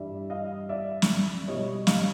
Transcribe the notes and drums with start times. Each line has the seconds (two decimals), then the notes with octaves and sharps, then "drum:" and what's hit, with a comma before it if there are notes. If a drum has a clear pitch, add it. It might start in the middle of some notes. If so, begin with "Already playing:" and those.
Already playing: G2 E3 G3 D5 E5
0.30 D#5 F5
0.69 D5 E5
1.02 drum: snare
1.48 B2 G3 C#5 D#5
1.87 D#5 F5, drum: snare